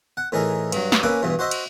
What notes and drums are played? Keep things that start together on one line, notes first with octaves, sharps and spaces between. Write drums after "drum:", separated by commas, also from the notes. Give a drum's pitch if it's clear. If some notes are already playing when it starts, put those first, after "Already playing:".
F#5
A2 E3 D#4 G#4 A#4
G2 F#3, drum: cymbal
drum: snare
A#3 C#4 B4 E5 G#5 D6
E2 G2 B2 E3
F#4 C5 D#5 E5
drum: cymbal